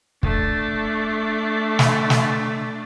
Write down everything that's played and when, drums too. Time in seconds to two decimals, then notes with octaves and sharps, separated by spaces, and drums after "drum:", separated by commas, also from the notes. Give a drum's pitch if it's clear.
0.23 A3 D4, drum: kick
1.79 drum: snare
2.10 drum: snare